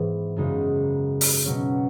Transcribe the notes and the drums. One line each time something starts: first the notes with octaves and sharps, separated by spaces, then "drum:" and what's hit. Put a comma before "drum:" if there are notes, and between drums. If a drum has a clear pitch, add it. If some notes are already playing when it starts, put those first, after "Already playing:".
Already playing: G#2 E3 B3
F#2 C#3 G#3 D#4
drum: open hi-hat
B2 F#3 C#4